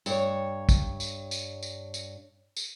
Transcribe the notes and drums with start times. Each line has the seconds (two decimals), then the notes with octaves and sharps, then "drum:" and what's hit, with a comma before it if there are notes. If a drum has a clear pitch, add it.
0.06 G2 C#5, drum: tambourine
0.69 drum: kick, tambourine
1.00 drum: tambourine
1.31 drum: tambourine
1.63 drum: tambourine
1.94 drum: tambourine
2.57 drum: tambourine